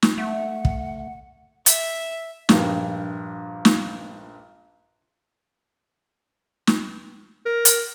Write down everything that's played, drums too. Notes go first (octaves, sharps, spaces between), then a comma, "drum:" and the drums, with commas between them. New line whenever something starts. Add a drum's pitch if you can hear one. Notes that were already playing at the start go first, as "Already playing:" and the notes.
drum: snare
A3 F#5
drum: kick
E5, drum: hi-hat
A#1 G2, drum: snare
drum: snare
drum: snare
A#4
drum: hi-hat